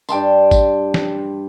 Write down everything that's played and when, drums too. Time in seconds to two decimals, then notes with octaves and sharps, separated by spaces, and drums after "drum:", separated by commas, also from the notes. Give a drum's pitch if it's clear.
0.09 G2 G5 A5 C6, drum: tambourine
0.51 drum: kick A1, tambourine
0.94 drum: snare